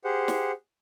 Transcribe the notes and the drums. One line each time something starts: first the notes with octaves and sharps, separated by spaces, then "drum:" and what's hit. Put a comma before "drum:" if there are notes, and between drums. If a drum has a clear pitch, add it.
G4 G#4 C5 F#5
drum: snare